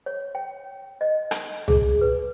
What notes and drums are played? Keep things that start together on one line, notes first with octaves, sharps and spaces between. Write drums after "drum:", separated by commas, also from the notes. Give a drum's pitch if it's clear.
C#5
G5
D#5
D#4, drum: rim click
G#4, drum: tom
B4